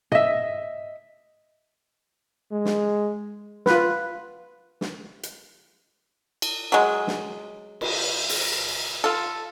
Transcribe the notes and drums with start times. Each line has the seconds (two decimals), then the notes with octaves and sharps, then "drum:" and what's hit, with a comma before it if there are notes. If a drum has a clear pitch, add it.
0.12 D#5 E5, drum: tom
2.52 G#3
2.65 drum: snare
3.66 F4 B4, drum: snare
4.81 drum: snare
5.23 drum: hi-hat
6.42 drum: cymbal
6.72 F#3 G#3
7.07 drum: snare
7.81 drum: cymbal
8.29 drum: open hi-hat
9.04 F4 A4